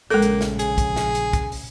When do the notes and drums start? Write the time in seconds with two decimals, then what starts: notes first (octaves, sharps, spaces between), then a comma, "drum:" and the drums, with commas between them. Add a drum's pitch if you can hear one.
0.10 A#1 C#3 G#3 A#3 A4
0.22 drum: hi-hat
0.41 drum: snare
0.59 G#4, drum: hi-hat
0.78 drum: kick, hi-hat
0.96 drum: snare
1.15 drum: hi-hat
1.33 drum: kick, hi-hat
1.52 drum: open hi-hat